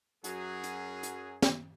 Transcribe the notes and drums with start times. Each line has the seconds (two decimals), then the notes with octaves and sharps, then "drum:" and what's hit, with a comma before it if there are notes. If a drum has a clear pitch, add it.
0.24 F#2 F#3 G#4, drum: hi-hat
0.64 drum: hi-hat
1.03 drum: hi-hat
1.42 drum: snare